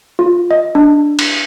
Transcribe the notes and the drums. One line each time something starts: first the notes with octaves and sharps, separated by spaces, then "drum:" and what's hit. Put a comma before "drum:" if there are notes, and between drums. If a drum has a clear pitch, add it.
F4
D#5
D4
drum: cymbal